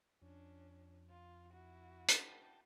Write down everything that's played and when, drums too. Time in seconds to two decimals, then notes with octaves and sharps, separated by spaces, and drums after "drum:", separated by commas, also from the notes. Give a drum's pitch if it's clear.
0.22 F2 C#4 D4
1.10 F4
1.51 E4 F#4
2.08 drum: hi-hat
2.27 G5 A5